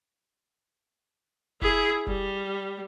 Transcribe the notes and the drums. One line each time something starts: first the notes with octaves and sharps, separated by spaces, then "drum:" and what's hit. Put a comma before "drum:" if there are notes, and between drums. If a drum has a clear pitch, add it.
E4 G#4, drum: kick F1
G3, drum: kick F1